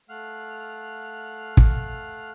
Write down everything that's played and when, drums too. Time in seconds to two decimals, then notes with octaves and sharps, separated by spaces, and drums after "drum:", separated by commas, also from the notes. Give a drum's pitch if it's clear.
0.09 A3 F5 F#5 F6
1.57 drum: kick